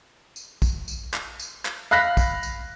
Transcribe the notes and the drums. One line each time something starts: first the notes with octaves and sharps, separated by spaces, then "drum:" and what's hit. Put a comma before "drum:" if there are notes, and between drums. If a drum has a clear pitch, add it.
drum: tambourine
drum: kick, tambourine
drum: tambourine
drum: clap
drum: tambourine
drum: clap
F5 B5 F#6 A#6 B6
drum: kick, tambourine
drum: tambourine